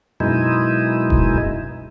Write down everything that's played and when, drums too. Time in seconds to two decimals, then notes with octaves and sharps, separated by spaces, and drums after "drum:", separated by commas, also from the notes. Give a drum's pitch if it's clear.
0.20 F#2 B2 G#3 D#4 E4
1.10 drum: kick D#1